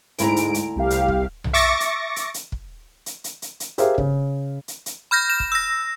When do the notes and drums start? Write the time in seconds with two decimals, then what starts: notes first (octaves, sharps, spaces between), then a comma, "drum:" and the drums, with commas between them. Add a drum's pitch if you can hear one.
0.18 D2 G#2 E4 A#5 D7, drum: hi-hat
0.36 drum: hi-hat
0.54 drum: hi-hat
0.76 C2 G4 F5
0.90 drum: hi-hat
1.08 drum: kick
1.44 drum: tom B1
1.53 E5 C#6 D6 A6 A#6 C#7
1.80 drum: hi-hat
2.16 drum: hi-hat
2.34 drum: hi-hat
2.52 drum: kick
3.06 drum: hi-hat
3.24 drum: hi-hat
3.42 drum: hi-hat
3.60 drum: hi-hat
3.78 G4 G#4 A#4 C5 E5 F5, drum: hi-hat
3.98 C#3, drum: kick
4.68 drum: hi-hat
4.86 drum: hi-hat
5.11 B5 F6 G6 A#6
5.30 E7
5.40 drum: kick
5.52 E6 A#6